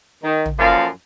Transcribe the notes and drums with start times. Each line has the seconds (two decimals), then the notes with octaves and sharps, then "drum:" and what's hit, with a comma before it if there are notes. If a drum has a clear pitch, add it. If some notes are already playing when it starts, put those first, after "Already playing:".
0.24 D#3
0.46 drum: tom
0.59 F#2 A#2 F3 A4 F5